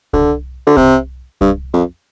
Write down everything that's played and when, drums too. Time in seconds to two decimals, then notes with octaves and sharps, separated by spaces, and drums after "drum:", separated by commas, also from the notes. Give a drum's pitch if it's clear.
0.13 D3, drum: kick C2
0.67 D3
0.77 C3, drum: kick C2
1.41 G2, drum: kick C2
1.73 F2